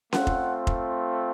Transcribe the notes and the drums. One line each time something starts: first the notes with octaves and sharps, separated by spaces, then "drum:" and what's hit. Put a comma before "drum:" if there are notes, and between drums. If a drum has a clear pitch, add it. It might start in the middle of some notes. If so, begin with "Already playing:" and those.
A3 C4 F4 F#5, drum: snare C#4
drum: kick F1
drum: kick F1